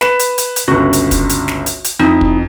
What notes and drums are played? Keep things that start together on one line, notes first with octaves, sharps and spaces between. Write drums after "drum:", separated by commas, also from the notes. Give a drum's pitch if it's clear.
B4 E7, drum: snare
drum: hi-hat
drum: hi-hat
drum: hi-hat
G1 C#2 F#4
drum: hi-hat
drum: kick, hi-hat
drum: hi-hat
drum: snare
drum: hi-hat
drum: hi-hat
F2 D#4 E4
drum: kick